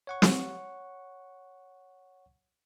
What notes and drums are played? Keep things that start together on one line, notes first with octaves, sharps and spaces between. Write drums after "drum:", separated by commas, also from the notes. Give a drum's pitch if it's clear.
C#5 F#5 C#6
drum: snare